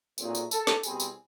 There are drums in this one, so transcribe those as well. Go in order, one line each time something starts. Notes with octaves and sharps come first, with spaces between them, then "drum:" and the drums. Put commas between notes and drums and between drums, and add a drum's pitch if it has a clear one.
B1 A#2 F#3 A3 C4 G#4, drum: tambourine
drum: tambourine
A4, drum: tambourine
drum: snare
C2 B2 G3 C4 G#4, drum: tambourine
drum: tambourine